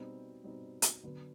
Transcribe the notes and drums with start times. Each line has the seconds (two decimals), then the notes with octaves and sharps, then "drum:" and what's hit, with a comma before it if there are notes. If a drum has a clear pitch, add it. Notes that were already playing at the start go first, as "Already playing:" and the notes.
Already playing: B2 G3 C4 D#4
0.44 B2 G3 C4 D#4
0.82 drum: hi-hat
1.03 D3 F#3 B3